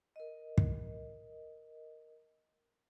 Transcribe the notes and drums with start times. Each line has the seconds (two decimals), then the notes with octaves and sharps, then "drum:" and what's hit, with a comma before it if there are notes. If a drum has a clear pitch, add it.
0.16 A#4 D#5
0.58 drum: kick